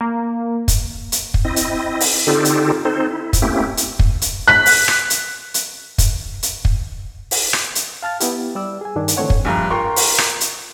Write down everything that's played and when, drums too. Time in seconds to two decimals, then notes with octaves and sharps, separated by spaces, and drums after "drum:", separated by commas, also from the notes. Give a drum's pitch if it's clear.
0.01 A#3
0.68 drum: kick, hi-hat
1.12 drum: hi-hat
1.34 drum: kick
1.45 C4 E4 D#5
1.56 drum: hi-hat
2.00 drum: open hi-hat
2.27 D3 C4 D#4 F4 G4 A4
2.45 drum: hi-hat
2.85 C4 D#4 A4 C5
3.11 E4
3.33 drum: kick, hi-hat
3.42 A3 A#3 C4 C#4 E4 G4
3.77 drum: hi-hat
3.99 drum: kick
4.22 drum: hi-hat
4.48 F#6 B6
4.66 drum: open hi-hat
4.88 drum: rim click
5.10 drum: hi-hat
5.54 drum: hi-hat
5.98 drum: kick, hi-hat
6.43 drum: hi-hat
6.65 drum: kick
7.31 drum: open hi-hat
7.53 drum: rim click
7.75 drum: hi-hat
8.03 F5 A5 F6 A6
8.20 B3 E4 G4, drum: hi-hat
8.55 G3 D5 E6
8.81 G#4 G#5
8.96 G2 D#3 D4
9.08 drum: hi-hat
9.17 D3 E3 A3 C4 C#5 F#5
9.30 drum: kick
9.45 A#1 G2 A#5
9.70 F4 A#4 F5 G5 C6 C#6
9.96 drum: open hi-hat
10.18 drum: rim click
10.41 drum: hi-hat